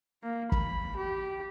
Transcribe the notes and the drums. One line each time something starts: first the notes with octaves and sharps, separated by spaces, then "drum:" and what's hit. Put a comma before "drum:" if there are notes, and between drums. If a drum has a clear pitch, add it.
A#3
B5, drum: kick
G4